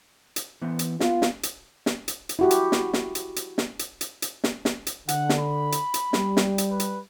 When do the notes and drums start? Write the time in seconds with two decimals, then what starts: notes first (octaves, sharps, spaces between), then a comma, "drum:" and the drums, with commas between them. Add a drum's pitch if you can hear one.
0.36 drum: hi-hat
0.62 E3 B3 C5
0.79 drum: hi-hat
1.00 B3 F4, drum: snare
1.22 drum: snare
1.43 drum: hi-hat
1.86 drum: snare
2.08 drum: hi-hat
2.29 drum: hi-hat
2.39 E4 F#4 G4
2.51 drum: hi-hat
2.72 drum: snare
2.93 drum: snare
3.15 drum: hi-hat
3.36 drum: hi-hat
3.58 drum: snare
3.79 drum: hi-hat
4.01 drum: hi-hat
4.22 drum: hi-hat
4.44 drum: snare
4.65 drum: snare
4.87 drum: hi-hat
5.08 D3 F#5, drum: hi-hat
5.29 drum: snare
5.40 B5
5.72 drum: hi-hat
5.94 drum: hi-hat
6.13 G3, drum: snare
6.37 drum: snare
6.58 drum: hi-hat
6.70 B4
6.80 drum: hi-hat